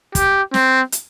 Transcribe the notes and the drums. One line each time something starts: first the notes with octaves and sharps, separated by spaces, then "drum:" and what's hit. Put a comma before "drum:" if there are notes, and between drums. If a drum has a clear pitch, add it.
G4, drum: kick, hi-hat
C4, drum: snare
drum: hi-hat